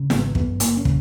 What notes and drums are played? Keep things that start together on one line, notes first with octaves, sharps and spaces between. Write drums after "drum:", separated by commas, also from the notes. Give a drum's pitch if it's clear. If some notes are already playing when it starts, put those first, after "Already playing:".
Already playing: C#3
G#1 B3, drum: snare
F#2 B3, drum: kick
F#1 A#3, drum: hi-hat
C#4
C#3, drum: kick